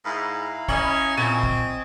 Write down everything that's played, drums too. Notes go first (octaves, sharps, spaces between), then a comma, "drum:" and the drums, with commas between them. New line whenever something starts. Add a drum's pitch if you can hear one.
G#2 E4 A#4 F5 B5
C#4 C#5 D#5, drum: kick
A#2 C4 G#5 C#6
drum: kick